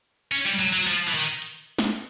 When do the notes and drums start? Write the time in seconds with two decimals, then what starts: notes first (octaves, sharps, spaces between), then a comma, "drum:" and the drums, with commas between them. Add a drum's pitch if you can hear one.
0.32 C#4, drum: hi-hat
0.46 G3
0.60 F#3
0.73 F#3
0.87 F3
1.08 E3, drum: hi-hat
1.14 D#3
1.42 drum: hi-hat
1.79 drum: snare